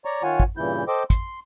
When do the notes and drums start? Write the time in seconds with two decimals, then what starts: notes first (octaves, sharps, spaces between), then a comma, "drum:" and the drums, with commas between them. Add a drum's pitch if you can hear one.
0.05 C#5 D5 A#5 C#6
0.23 D#3 F4 C#5 F#5 G#5
0.40 drum: kick
0.57 G2 A#2 C#3 E3 E4 G6
0.88 A4 C5 D#5 G5 D6
1.10 C6, drum: kick, hi-hat